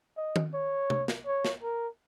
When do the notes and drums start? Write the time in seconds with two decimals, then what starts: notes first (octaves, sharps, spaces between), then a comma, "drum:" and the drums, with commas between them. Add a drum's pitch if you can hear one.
0.17 D#5
0.36 drum: tom
0.54 C#5
0.90 drum: tom
1.08 drum: snare
1.26 C#5
1.45 drum: snare
1.62 A#4